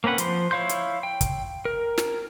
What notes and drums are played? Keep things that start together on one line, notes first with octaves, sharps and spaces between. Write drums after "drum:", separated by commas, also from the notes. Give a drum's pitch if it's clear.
A#3 C4 C#4 B4 F#5
F3 C5 C6, drum: hi-hat
E4 C#5 F5 C6 G6
drum: hi-hat
G5
drum: kick, hi-hat
A#4
drum: snare